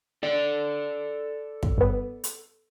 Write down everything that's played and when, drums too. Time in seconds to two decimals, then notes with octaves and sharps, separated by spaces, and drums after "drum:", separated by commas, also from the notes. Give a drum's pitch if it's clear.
0.23 A4 D5
1.63 drum: kick
1.78 G2 B3
2.24 drum: hi-hat